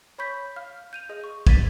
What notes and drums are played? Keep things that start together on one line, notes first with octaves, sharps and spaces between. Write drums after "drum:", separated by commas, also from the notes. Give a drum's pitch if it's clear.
C#5 B5 C#6 G6 B6
F5 F6
G6 D#7 F7
G#4 D#5
C#6
G#6 A6 B6 D#7, drum: kick